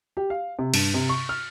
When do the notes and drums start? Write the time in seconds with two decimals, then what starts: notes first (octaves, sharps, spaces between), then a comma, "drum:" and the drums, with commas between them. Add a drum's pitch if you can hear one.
0.17 G4
0.30 F5
0.59 C3
0.74 G2, drum: cymbal
0.94 C3
1.09 C#6
1.29 F6